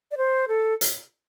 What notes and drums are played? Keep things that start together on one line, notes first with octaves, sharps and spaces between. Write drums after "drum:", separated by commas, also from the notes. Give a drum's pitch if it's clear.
D5
C5
A4
drum: hi-hat